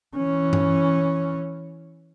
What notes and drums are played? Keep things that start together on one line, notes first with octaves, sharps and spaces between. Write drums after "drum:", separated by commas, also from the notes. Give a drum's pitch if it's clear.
E3 C#4
drum: tom G2